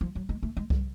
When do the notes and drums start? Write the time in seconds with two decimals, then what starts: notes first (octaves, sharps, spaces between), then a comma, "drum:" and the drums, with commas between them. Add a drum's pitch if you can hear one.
0.01 F3
0.15 F#3
0.29 G#3
0.43 A3
0.57 G#3
0.70 G3, drum: kick C2